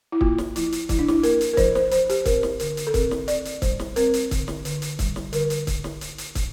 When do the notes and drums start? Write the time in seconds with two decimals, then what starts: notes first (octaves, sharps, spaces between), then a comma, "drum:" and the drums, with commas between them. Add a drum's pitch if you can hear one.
0.12 E4
0.21 A#3 F4, drum: kick
0.38 drum: snare
0.56 F3 E4, drum: hi-hat
0.72 drum: hi-hat
0.89 F3 E4, drum: kick, hi-hat
0.99 D4
1.08 E4, drum: snare
1.23 A#3 A#4, drum: hi-hat
1.41 drum: hi-hat
1.54 A#4
1.57 F3 C5, drum: kick, hi-hat
1.75 C5, drum: snare
1.91 F3 C5, drum: hi-hat
2.09 G4, drum: hi-hat
2.25 C4 A#4, drum: kick, hi-hat
2.43 drum: snare
2.60 D3 A#4, drum: hi-hat
2.77 drum: hi-hat
2.87 A4
2.94 C4 A#4, drum: kick, hi-hat
3.11 drum: snare
3.28 C4 D5, drum: hi-hat
3.45 drum: hi-hat
3.62 G3 C5, drum: kick, hi-hat
3.79 drum: snare
3.96 C4 A#4, drum: hi-hat
4.14 drum: hi-hat
4.31 D3, drum: kick, hi-hat
4.48 drum: snare
4.65 D3, drum: hi-hat
4.82 drum: hi-hat
4.99 G3, drum: kick, hi-hat
5.16 drum: snare
5.33 D3 A#4, drum: hi-hat
5.50 drum: hi-hat
5.67 drum: kick, hi-hat
5.84 drum: snare
6.01 drum: hi-hat
6.18 drum: hi-hat
6.35 drum: kick, hi-hat